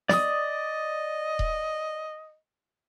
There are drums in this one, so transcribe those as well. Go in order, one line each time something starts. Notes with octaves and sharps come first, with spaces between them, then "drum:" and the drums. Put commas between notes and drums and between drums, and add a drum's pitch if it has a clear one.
D5 D#5 D#6, drum: snare
drum: kick D#1